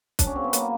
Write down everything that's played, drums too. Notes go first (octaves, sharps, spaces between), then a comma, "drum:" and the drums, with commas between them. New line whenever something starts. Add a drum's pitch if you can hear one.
F#3 D4, drum: kick, hi-hat
C#4
C#3 C4
B3
C#3 A#3, drum: hi-hat